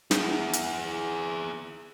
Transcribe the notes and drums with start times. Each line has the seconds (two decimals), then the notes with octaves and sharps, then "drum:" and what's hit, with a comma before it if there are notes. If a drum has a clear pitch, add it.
0.11 E4 G#4, drum: snare
0.53 drum: hi-hat